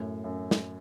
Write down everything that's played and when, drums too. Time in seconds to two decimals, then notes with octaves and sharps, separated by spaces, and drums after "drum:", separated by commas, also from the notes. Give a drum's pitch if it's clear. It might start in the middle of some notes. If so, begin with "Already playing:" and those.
Already playing: F#2 A2
0.24 F#2
0.51 drum: snare